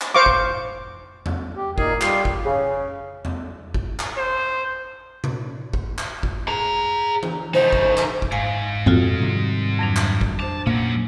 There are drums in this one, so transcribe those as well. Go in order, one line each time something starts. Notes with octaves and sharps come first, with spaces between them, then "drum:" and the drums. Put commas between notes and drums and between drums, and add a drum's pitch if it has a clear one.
drum: clap
C5 F5 C#6 D6
drum: kick F#1
drum: tom
G4
A#2 D#4 G#4 A#4, drum: kick F#1
G3 F4 G4 C6, drum: clap
drum: kick F#1
C#3
drum: tom
drum: kick F#1
drum: clap
C5
drum: tom C3
drum: kick F#1
drum: clap
drum: kick F#1
G#4 A#5
drum: tom
C#3 D#4 C5
drum: kick F#1
drum: clap
drum: kick F#1
G#2 F5 G#5
F2 A#2 F3 C4 F4 F#4 A4
C3 D#3 G3
F2 F#3 D4
drum: clap
drum: kick F#1
D4 C5 A5
A#2 F#3 A#3 C#4